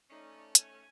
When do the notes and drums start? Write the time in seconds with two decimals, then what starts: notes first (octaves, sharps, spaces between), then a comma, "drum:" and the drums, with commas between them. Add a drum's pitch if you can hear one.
0.10 A3 C#4 D#4 D5
0.55 G#5, drum: hi-hat